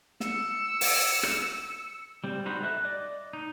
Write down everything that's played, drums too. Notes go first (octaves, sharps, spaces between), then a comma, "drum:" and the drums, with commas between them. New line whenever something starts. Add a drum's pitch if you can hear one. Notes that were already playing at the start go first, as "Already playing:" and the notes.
E6 C#7, drum: snare
drum: open hi-hat
drum: rim click
G3 C4
G3 D#4 F#4 C5 B5
A4 D#5 E5 F#6
D5 D#5
D#4